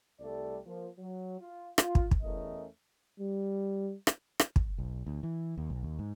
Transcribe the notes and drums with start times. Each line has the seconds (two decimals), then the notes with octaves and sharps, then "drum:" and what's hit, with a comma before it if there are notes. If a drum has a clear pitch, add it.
0.20 C2 G3 A3 A4 D5
0.66 F3 A#3
0.99 F#3
1.39 F4
1.78 F4, drum: rim click
1.95 drum: kick
2.11 drum: kick
2.22 E2 E3 A3 C#4 A#4 D#5
3.20 G3
4.07 drum: rim click
4.39 drum: rim click
4.56 drum: kick
4.78 B1
5.07 D2
5.23 E3
5.58 D#2
5.70 B1
5.83 D#2
5.99 G#2